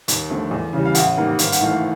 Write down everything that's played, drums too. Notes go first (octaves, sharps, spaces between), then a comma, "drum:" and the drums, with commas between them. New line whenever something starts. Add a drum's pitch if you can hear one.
D#2, drum: hi-hat
D3 F3 A3
E2
C#3 E3 G3
F5
A1 F#5, drum: hi-hat
G#2 D#3 G3 A#3
G#1 F5, drum: hi-hat
F#5, drum: hi-hat
G#2 E3 A3 F5